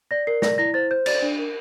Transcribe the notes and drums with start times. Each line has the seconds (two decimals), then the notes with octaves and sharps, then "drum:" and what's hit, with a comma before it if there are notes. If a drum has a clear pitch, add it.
0.11 D5 A#6
0.27 A#4 C7
0.42 D5 A#6, drum: snare
0.58 E4 A#6
0.74 C5 A6
0.91 C5 G6
1.06 D5 A6, drum: cymbal
1.22 D4
1.39 A#4